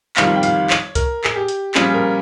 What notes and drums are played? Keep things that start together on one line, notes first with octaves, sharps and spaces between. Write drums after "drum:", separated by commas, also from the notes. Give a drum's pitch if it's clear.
G1 F2 D#3 G3 F5, drum: clap
G5
F5, drum: hi-hat
C#5, drum: clap
A#4, drum: kick C2, hi-hat
G#4, drum: clap
G4
drum: hi-hat
A#1 A#2 G3 C#4 F4 G#4, drum: clap
A#4